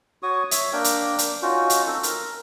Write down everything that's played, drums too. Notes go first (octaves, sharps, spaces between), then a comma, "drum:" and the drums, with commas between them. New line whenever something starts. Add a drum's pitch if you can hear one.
F#4 C#5 C#6 D#6
C#5 E5, drum: hi-hat
A#3 D4 A#4 G5
drum: hi-hat
drum: hi-hat
C#4 D#4 F4 F#4
drum: hi-hat
C4 D#4 A4
A#4, drum: hi-hat